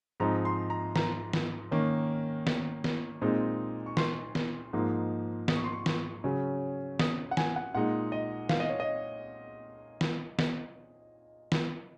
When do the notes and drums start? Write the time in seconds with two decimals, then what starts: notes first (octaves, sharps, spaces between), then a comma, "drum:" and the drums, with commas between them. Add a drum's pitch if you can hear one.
0.20 G#2 F3 C4 D#4 A#5
0.45 C6
0.70 A#5
0.96 A#5, drum: snare
1.33 drum: snare
1.71 D#3 A#3 C#4
2.47 drum: snare
2.84 drum: snare
3.22 A#2 G#3 C4 D#4
3.86 C#6
3.97 C6, drum: snare
4.35 drum: snare
4.73 G#2 F3 A#3 D#4
5.48 D#6, drum: snare
5.56 C#6
5.64 C6
5.72 C#6
5.86 drum: snare
6.24 C#3 F#3 C#4
6.99 D#6, drum: snare
7.31 F#5
7.37 G#5, drum: snare
7.56 F#5
7.75 A#2 G#3 D#4 F#5
8.12 D#5
8.49 F5, drum: snare
8.60 D#5
8.69 C#5
8.80 D#5
10.01 drum: snare
10.39 drum: snare
11.52 drum: snare